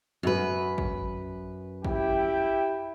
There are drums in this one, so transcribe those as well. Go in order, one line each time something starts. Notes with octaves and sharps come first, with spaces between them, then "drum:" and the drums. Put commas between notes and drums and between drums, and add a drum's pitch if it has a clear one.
F#2 B4
drum: kick
E4 G4 G5, drum: kick